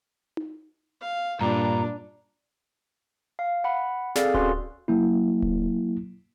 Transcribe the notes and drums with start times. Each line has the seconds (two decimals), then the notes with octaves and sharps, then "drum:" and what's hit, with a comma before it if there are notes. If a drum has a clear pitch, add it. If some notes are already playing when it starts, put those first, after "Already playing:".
0.37 drum: tom D#4
1.01 F5
1.41 G2 A#2 D4 A#5
3.39 F5
3.64 F#5 B5
4.15 C4 G#4 A4 D5 F5, drum: snare
4.34 C#4 F#4 B4 C6, drum: kick D1
4.88 F#3 A#3 E4
5.42 drum: kick D1